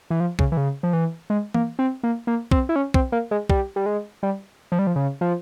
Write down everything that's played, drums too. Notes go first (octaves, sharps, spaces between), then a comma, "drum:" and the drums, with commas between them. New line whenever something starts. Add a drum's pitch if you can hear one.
E3
F3
C#3, drum: kick B1
E3
C#3
F3
E3
G#3
A#3, drum: tom E3
C4
A#3
A#3
C4, drum: kick B1
E4
C#4
C4, drum: kick B1
A#3
G#3
G3, drum: kick B1
G3
G#3
G3
F3
G3
F3
C#3
F3